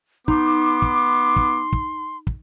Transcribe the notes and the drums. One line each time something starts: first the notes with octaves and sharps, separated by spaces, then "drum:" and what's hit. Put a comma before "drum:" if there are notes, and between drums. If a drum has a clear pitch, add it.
B3 D#4 C6 D6, drum: kick
drum: kick
drum: kick
drum: kick
drum: kick